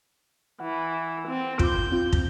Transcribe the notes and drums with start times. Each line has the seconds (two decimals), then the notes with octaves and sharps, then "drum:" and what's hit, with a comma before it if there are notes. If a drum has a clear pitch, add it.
0.60 E3 F#5
1.26 C4
1.59 F4 D6 G6, drum: kick
1.92 C4 F4
2.13 drum: kick